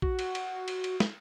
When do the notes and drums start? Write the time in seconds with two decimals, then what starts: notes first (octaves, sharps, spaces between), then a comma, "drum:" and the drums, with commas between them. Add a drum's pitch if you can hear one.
0.02 F#4, drum: kick A#1
0.19 drum: cymbal
0.35 drum: cymbal
0.68 drum: cymbal
0.84 drum: cymbal
1.00 drum: snare